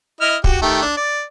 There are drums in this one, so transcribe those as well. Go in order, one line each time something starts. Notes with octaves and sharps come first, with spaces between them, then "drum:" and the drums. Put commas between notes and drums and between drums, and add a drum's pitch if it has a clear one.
E4 D#5 F6
F#4 G4, drum: kick
D#3 A3 G4
D4
D5